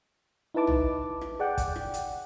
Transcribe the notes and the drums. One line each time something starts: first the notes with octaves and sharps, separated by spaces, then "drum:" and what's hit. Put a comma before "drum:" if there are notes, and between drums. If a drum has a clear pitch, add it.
D#4 E4 B4 A5 D6
drum: tom A#1
drum: rim click
G#4 D5 F#5 G5
drum: kick, hi-hat
drum: rim click
drum: hi-hat